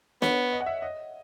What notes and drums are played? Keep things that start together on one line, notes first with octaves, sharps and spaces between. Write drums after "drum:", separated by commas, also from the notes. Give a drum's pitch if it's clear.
B3 C#5, drum: snare
D#5
F#5
E5
D#5